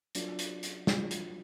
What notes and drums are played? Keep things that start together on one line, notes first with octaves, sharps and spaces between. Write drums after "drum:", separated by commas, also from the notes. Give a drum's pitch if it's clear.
F#3 D4 F4, drum: hi-hat
drum: hi-hat
drum: hi-hat
F#3 D4 F4, drum: snare
drum: hi-hat